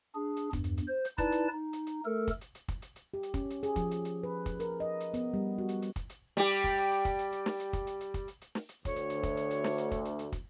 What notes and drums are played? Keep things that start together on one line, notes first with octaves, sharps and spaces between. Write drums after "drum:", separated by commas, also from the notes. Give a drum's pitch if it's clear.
D4 G#4
drum: hi-hat
E2 G2, drum: kick, hi-hat
drum: hi-hat
drum: hi-hat
C5
drum: hi-hat
D#4 E4 B4 D5 A5, drum: kick, hi-hat
drum: hi-hat
D#4
drum: hi-hat
drum: hi-hat
A3 A4 A#4
drum: kick, hi-hat
drum: hi-hat
drum: hi-hat
drum: kick, hi-hat
drum: hi-hat
drum: hi-hat
G4
drum: hi-hat
C#4, drum: kick, hi-hat
drum: hi-hat
G#4, drum: hi-hat
F3, drum: kick, hi-hat
drum: hi-hat
drum: hi-hat
B4
drum: kick, hi-hat
A#4, drum: hi-hat
D#5
drum: hi-hat
B3, drum: hi-hat
G3
F#4
drum: hi-hat
drum: hi-hat
drum: kick, hi-hat
drum: hi-hat
G3 G4, drum: snare
drum: hi-hat
drum: kick, hi-hat
drum: hi-hat
drum: hi-hat
drum: kick, hi-hat
drum: hi-hat
drum: hi-hat
drum: snare
drum: hi-hat
drum: kick, hi-hat
drum: hi-hat
drum: hi-hat
drum: kick, hi-hat
drum: hi-hat
drum: hi-hat
drum: snare
drum: hi-hat
D2 C#5, drum: kick, hi-hat
drum: hi-hat
drum: hi-hat
drum: kick, hi-hat
drum: hi-hat
drum: hi-hat
drum: snare
drum: hi-hat
drum: kick, hi-hat
drum: hi-hat
drum: hi-hat
drum: kick, hi-hat